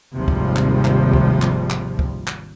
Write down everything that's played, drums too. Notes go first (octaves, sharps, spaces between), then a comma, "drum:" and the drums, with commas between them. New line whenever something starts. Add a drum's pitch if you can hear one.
G#1 D#2 C3 F3 G3
drum: kick C#2
drum: clap
drum: clap
drum: kick C#2
drum: clap
drum: clap
drum: kick C#2
drum: clap